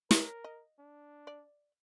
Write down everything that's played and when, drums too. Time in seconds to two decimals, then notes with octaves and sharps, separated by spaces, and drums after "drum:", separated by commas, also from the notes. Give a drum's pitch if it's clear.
0.11 A#4 C#5, drum: snare
0.44 D#5
0.79 D4
1.27 D5